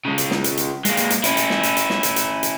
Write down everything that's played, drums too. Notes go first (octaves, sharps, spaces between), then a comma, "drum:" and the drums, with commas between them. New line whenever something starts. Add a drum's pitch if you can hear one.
C#3 G#3
drum: hi-hat
drum: snare
drum: hi-hat
drum: hi-hat
G#3 A#3, drum: hi-hat
drum: hi-hat
drum: hi-hat
C#4 E4, drum: hi-hat
drum: hi-hat
drum: snare
drum: hi-hat
drum: hi-hat
drum: snare
drum: hi-hat
drum: hi-hat
drum: hi-hat